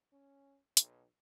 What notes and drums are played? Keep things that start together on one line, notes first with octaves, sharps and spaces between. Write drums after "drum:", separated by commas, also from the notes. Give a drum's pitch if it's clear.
C#4
B1, drum: hi-hat